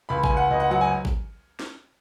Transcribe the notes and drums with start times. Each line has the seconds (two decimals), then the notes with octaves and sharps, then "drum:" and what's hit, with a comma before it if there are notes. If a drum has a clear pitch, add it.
0.09 C#2 B5
0.24 G#5, drum: kick G#1
0.30 C#2
0.37 F#5
0.51 C#2 D#5
0.60 F#5
0.70 F#3 F#5
0.81 G#5
1.05 drum: kick G#1
1.59 drum: snare